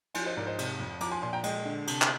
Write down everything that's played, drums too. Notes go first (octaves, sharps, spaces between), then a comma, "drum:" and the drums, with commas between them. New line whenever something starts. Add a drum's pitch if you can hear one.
F3 G#5 C6, drum: cymbal
C5 D#5
G#2 A#4 D5
C5 D#5
C3, drum: cymbal
F2
F3 A#5 D6, drum: cymbal
G#5 C6
A#2 G#5 C6
G5 A#5
G#3 D#5 G5, drum: cymbal
D3
C3, drum: cymbal
drum: clap